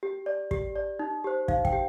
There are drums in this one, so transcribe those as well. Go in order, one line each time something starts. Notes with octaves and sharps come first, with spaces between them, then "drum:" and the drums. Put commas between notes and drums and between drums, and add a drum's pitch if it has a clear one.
G4
D5
G4, drum: kick
D5
D#4
G4 C5
D#4 F5, drum: kick
G5, drum: kick
G4